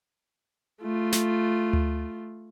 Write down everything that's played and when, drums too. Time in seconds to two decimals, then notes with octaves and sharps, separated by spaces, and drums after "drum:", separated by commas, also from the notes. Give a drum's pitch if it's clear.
0.82 A3 F4
1.12 drum: snare
1.73 drum: tom D2